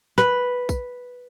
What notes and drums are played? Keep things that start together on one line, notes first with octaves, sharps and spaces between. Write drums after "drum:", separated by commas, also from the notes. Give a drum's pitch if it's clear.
B4, drum: snare
drum: kick, tambourine